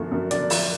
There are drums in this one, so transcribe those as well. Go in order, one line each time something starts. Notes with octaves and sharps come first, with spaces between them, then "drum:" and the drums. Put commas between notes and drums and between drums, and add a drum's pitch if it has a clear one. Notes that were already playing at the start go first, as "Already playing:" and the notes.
Already playing: F#2 D3 F3 A3
F#2
D3 D5, drum: hi-hat
F3, drum: open hi-hat